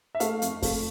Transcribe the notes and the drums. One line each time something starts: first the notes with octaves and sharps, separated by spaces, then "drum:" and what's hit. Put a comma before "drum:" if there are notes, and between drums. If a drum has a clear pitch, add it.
E5
A3 F5, drum: hi-hat
F2, drum: hi-hat
A3, drum: kick E2, open hi-hat